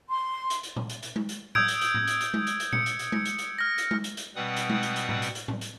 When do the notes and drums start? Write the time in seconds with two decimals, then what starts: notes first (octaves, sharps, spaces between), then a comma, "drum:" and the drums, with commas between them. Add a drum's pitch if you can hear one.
0.09 C6
0.50 drum: hi-hat
0.63 drum: hi-hat
0.76 drum: tom A#2
0.90 drum: hi-hat
1.03 drum: hi-hat
1.16 drum: tom G#3
1.29 drum: hi-hat
1.55 D#6 E6 G6 G#6 D7, drum: tom A2
1.68 drum: hi-hat
1.81 drum: hi-hat
1.94 drum: tom A2
2.07 drum: hi-hat
2.21 drum: hi-hat
2.34 drum: tom G#3
2.47 drum: hi-hat
2.60 drum: hi-hat
2.73 C#7, drum: tom A#2
2.86 drum: hi-hat
2.99 drum: hi-hat
3.12 drum: tom G#3
3.25 drum: hi-hat
3.39 drum: hi-hat
3.58 F6 A#6
3.78 drum: hi-hat
3.91 drum: tom G#3
4.04 drum: hi-hat
4.17 drum: hi-hat
4.36 B2 G3 C4 B4 F#5 D#6
4.56 drum: hi-hat
4.70 drum: tom G#3
4.83 drum: hi-hat
4.96 drum: hi-hat
5.09 drum: tom A2
5.22 drum: hi-hat
5.35 drum: hi-hat
5.48 drum: tom A2
5.61 drum: hi-hat